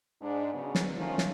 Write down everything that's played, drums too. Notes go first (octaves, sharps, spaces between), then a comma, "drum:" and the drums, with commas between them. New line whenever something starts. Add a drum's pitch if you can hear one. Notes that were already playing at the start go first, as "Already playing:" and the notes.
G#2 D4
C#3 F#3 B3
drum: snare
D#3 F3 A3 C#4 D#4 F4
drum: snare